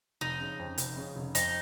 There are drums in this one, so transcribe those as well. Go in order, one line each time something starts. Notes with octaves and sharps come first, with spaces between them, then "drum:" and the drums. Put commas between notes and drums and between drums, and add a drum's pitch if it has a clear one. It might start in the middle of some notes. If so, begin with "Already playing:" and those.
F1 D#4
C#3
F2
F1, drum: hi-hat
C#3
F1
F2 D#4, drum: hi-hat